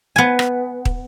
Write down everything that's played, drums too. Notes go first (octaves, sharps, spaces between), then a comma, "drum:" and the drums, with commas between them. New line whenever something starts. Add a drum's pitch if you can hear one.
B3 G#5
drum: rim click
drum: kick